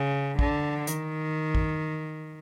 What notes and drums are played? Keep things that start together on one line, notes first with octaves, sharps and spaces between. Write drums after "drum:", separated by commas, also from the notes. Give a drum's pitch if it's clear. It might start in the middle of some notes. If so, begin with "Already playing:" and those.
Already playing: C#3
D3, drum: kick A1
D#3, drum: hi-hat
drum: kick A1